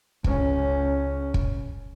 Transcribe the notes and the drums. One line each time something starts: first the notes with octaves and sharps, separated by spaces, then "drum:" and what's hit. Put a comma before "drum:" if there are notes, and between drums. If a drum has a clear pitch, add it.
C#2 C#4, drum: kick
drum: kick